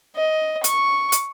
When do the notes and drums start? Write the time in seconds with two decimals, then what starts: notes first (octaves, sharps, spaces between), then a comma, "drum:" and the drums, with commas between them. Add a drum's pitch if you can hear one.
0.16 D#5
0.64 C#6, drum: hi-hat
1.12 drum: hi-hat